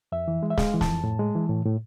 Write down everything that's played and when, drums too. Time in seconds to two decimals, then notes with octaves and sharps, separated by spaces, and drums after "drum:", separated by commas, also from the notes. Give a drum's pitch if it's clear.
0.12 F2 E5
0.28 E3
0.43 G#3
0.50 E5
0.58 G#3 F5, drum: snare
0.74 E3
0.81 A5, drum: snare
0.88 F2
1.04 A2
1.19 G#3
1.35 E3
1.49 A2
1.65 A2